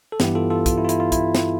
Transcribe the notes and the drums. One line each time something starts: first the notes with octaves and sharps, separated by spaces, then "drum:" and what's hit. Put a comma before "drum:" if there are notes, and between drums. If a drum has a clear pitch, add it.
A4
G2 E3 B3 E4 G4, drum: snare
F4 A4
F4 A4
F4, drum: kick, hi-hat
E4
F4
E4, drum: hi-hat
F4
E4, drum: kick, hi-hat
drum: snare